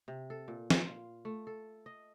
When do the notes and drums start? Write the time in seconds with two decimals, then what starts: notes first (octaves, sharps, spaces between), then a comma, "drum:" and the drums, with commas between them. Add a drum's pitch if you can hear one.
0.08 C3
0.30 A4
0.48 A#2
0.70 drum: snare
0.87 F4
1.25 A3
1.47 A4
1.86 D#5